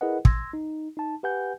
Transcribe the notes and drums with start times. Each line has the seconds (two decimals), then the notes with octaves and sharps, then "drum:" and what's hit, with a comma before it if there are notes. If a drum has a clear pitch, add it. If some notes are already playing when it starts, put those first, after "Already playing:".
0.01 E4 G#4 A#4 B4 D#5 F#5
0.25 C6 E6 G#6 A#6, drum: kick
0.53 D#4
0.97 D#4 A5
1.23 G4 B4 F#5 G#5 G6